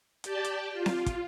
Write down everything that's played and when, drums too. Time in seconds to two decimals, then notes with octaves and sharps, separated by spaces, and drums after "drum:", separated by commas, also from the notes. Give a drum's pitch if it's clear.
0.24 G4 D5 G5 A5, drum: hi-hat
0.44 drum: hi-hat
0.72 F4
0.86 drum: snare C4
1.06 drum: kick, hi-hat